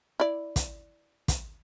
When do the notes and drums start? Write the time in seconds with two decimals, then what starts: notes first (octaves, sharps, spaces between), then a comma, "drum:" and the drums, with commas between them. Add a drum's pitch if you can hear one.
0.20 E4 D5
0.56 drum: kick, hi-hat
1.28 drum: kick, hi-hat